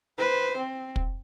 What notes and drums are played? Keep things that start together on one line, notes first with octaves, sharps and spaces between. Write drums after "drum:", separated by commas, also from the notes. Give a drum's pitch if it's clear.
B4 C5
C4
drum: kick